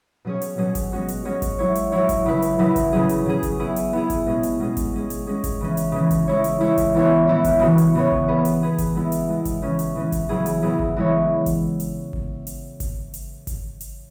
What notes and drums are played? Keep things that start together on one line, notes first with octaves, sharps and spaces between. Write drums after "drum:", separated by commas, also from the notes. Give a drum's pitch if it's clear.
B2 F#3 C#4 G#4 C#5
drum: hi-hat
B2 F#3 C#4 G#4 C#5
drum: kick G#1, hi-hat
G#3 C#4 F#4 C#5
drum: hi-hat
G#3 C#4 F#4 C#5
drum: kick G#1, hi-hat
F#3 E4 C#5
drum: hi-hat
F#3 E4 C#5
drum: kick G#1, hi-hat
C#3 F#3 E4 B4
drum: hi-hat
C#3 F#3 E4 B4
drum: kick G#1, hi-hat
C#3 F#3 C#4 G#4
drum: hi-hat
C#3 F#3 C#4 G#4
drum: kick G#1, hi-hat
B3 E4 G#4
drum: hi-hat
B3 E4 G#4
drum: kick G#1, hi-hat
B2 G#3 C#4 G#4
drum: hi-hat
B2 G#3 C#4 G#4
drum: kick G#1, hi-hat
G#3 C#4 G#4
drum: hi-hat
G#3 C#4 G#4
drum: kick G#1, hi-hat
C#3 E3 C#4
drum: hi-hat
C#3 E3 C#4
drum: kick G#1, hi-hat
G#3 E4 C#5
drum: hi-hat
G#3 E4 C#5
drum: kick G#1, hi-hat
E3 B3 E4 C#5
E3 B3 E4 C#5
drum: kick G#1, hi-hat
C#3 E3 B3 F#4 C#5
drum: hi-hat
C#3 E3 B3 F#4 C#5
drum: kick G#1
B3 G#4 B4
drum: hi-hat
B3 G#4 B4
drum: kick G#1, hi-hat
G#3 B3 E4
drum: hi-hat
G#3 B3 E4
drum: kick G#1, hi-hat
C#3 E3 C#4
drum: hi-hat
C#3 E3 C#4
drum: kick G#1, hi-hat
C#3 F#3 B3 E4 G#4
drum: hi-hat
C#3 F#3 B3 E4 G#4
drum: kick G#1
E3 G#3 E4 C#5
drum: kick G#1, hi-hat
drum: hi-hat
drum: kick G#1
drum: hi-hat
drum: kick G#1, hi-hat
drum: hi-hat
drum: kick G#1, hi-hat
drum: hi-hat